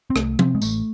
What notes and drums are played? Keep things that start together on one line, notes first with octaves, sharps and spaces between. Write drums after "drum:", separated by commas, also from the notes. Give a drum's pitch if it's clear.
C4
C2 A3, drum: rim click
C3 C4, drum: tom F3
G#3
A1 A3, drum: tambourine